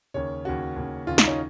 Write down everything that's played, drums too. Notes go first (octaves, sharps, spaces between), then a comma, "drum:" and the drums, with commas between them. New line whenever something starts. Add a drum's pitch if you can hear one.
D#2 C#3 C#5
D#2 C#3 F#4
D#2 C#3
D#2 C#3 F4
D#4, drum: snare
C#4